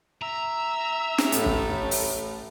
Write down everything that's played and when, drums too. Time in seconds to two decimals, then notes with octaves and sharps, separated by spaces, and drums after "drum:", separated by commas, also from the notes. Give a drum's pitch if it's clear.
0.22 E5 A#5 E6
1.18 drum: snare
1.32 A1 A2 A3, drum: hi-hat
1.46 drum: kick
1.91 drum: open hi-hat